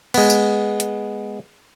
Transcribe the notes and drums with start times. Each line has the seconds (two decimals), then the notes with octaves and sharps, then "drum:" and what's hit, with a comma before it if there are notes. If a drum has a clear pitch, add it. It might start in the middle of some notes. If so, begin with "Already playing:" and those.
0.14 G#3 B3, drum: cymbal
0.30 drum: tambourine
0.80 drum: hi-hat